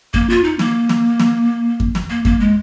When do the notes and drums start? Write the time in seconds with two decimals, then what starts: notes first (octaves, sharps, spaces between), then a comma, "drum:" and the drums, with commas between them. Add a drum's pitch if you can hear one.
0.14 A#3, drum: kick F2
0.30 F4
0.44 D#4
0.59 A#3, drum: snare
0.89 drum: snare
1.19 drum: snare
1.80 drum: kick F2
1.95 drum: snare
2.10 A#3
2.25 A#3, drum: kick F2
2.40 G#3